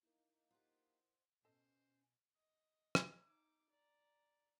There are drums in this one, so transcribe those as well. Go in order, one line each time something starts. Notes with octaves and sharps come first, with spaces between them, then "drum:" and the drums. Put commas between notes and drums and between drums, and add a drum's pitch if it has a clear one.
A#3 D#4 E4 A#4
F4 G4 C5 D#5 F#5
B2 C#4 A4 C5 D#5
D#5
drum: rim click
D#4 D6
D5 A#5